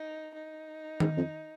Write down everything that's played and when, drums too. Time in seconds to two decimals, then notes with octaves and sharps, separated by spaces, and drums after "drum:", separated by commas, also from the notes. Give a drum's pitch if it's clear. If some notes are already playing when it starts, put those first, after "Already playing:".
Already playing: D#4
0.34 D#4
1.00 G#2, drum: tom D#3
1.17 F2